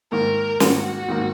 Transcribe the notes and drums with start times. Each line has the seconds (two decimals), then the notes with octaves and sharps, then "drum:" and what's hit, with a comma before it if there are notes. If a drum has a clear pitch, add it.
0.12 G#2 D#3 A#3 A#4
0.60 G#2 D#3 A#3 F#4, drum: snare
1.08 G#2 D#3 A#3